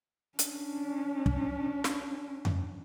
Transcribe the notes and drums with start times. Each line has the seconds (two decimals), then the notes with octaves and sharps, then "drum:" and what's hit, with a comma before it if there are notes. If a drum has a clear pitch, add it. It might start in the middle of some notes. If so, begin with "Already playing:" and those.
0.39 C#4 D4, drum: hi-hat
1.26 drum: kick
1.84 drum: snare
2.45 drum: tom F2